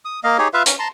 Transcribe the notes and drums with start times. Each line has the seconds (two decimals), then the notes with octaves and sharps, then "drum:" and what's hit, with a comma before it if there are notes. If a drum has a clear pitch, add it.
0.05 D#6
0.24 A#3 D#5 F5
0.38 D#4 G4 G#4 C#5
0.54 F4 B4 E5 F5
0.66 C#4, drum: hi-hat
0.79 A5 A#5 C6